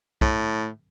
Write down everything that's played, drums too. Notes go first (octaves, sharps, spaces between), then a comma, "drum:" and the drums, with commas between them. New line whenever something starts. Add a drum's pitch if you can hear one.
A2, drum: kick